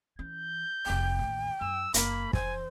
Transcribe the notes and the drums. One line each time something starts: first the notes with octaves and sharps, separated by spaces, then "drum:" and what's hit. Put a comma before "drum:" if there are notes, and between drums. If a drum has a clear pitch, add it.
E3 C#4 G6
F1 C4 G5
A1 D#2
F#2 E6
F#1 A#3 B5, drum: hi-hat
F2 E3 C5 G#5, drum: kick